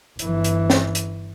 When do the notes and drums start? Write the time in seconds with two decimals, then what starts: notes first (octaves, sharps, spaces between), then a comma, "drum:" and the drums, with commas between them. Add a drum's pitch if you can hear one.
0.19 G1 E3, drum: hi-hat
0.44 drum: hi-hat
0.70 drum: snare C4
0.95 drum: hi-hat